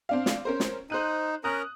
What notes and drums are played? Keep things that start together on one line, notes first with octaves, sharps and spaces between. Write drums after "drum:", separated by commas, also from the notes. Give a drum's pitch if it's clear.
C4 D4 F5
drum: snare
C#4 A#4 C5
drum: snare
D#4 C5 F#6 D#7
C#4 A#4 A#5 D#6 F#6